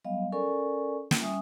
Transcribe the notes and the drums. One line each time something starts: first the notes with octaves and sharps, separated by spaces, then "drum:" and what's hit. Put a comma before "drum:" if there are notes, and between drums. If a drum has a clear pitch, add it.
F#3 G3 B3 D#5 F5
C#4 A4 A#4 D5 G#5 C#6
drum: snare
G3 C#4 E5 G#5 D#6